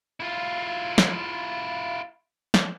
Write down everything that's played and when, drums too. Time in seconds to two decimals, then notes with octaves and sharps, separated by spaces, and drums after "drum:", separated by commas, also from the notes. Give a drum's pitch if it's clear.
0.20 E4 F4
0.98 drum: snare
2.54 drum: snare